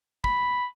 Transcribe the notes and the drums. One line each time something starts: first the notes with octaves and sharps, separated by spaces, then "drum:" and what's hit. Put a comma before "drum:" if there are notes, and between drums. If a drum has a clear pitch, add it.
B5, drum: kick